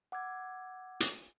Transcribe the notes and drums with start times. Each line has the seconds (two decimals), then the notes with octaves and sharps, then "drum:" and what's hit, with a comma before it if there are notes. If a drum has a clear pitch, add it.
0.12 F#5 D6 E6 G#6
1.00 drum: hi-hat